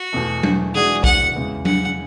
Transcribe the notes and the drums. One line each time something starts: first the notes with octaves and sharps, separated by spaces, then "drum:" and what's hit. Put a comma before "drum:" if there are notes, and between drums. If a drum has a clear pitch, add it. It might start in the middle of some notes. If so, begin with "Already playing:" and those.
Already playing: F#4
E2 B2 A3
drum: tom F#3
E3 G#3 D4 F#4 G#4
F#5, drum: kick
E2 C#3 G#3 B3
F#5, drum: tom F#3